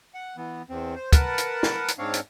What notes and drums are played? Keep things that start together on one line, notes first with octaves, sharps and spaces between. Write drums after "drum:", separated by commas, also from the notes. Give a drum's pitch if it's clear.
F#5
E3 B3
E2 C4
C5
A#4 B4 F#5 A5, drum: kick, hi-hat
drum: hi-hat
drum: snare
drum: hi-hat
G#2 C4 D4 C#5 F5
drum: hi-hat